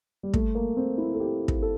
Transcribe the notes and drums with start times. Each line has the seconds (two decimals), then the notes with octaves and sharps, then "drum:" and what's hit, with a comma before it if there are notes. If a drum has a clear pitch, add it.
0.23 G3
0.34 A3, drum: kick
0.55 A#3
0.77 C4
0.98 E4
1.14 A4
1.20 G4
1.48 drum: kick
1.62 A4